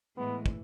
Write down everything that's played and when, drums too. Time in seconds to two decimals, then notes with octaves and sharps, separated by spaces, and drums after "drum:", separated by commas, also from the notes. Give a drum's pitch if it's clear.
0.17 A2 E3 G#3 B3
0.46 drum: kick